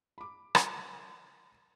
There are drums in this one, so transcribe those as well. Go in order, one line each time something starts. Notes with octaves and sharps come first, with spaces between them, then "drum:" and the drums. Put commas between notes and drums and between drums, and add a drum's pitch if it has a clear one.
B5 D6
drum: rim click